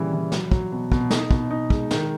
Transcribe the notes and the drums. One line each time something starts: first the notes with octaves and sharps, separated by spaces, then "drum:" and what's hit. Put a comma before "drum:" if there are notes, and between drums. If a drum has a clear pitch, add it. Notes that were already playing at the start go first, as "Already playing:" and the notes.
Already playing: A#2 C#3 E3 G3
E3
F#3, drum: snare
F#3, drum: kick
B2
B2, drum: kick
D#4, drum: snare
B2, drum: kick
D#4
G#3, drum: kick
D#3, drum: snare